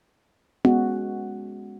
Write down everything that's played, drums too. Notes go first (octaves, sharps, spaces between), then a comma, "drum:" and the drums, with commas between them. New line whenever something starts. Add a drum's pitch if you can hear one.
G#3 B3 C#4 F#4 G#4, drum: tom B3